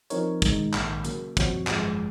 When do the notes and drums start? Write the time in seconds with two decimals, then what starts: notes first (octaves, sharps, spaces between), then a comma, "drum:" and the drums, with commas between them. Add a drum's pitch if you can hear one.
0.10 F3 C4 D#4 A#4 C#5, drum: hi-hat
0.42 G#1 G#2 D#3 G#3 D#4, drum: kick, hi-hat
0.74 A#1 G#2 D#3 A#3, drum: clap
1.04 C#3 F#3 A#3, drum: hi-hat
1.37 F#2 F3 C4 F#4 C#5, drum: kick, hi-hat
1.67 G#1 F#2 F3 G#3, drum: clap